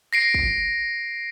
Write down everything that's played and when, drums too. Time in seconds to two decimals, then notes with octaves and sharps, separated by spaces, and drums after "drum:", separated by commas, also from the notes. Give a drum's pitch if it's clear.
0.13 A#6 C7 D7
0.34 drum: kick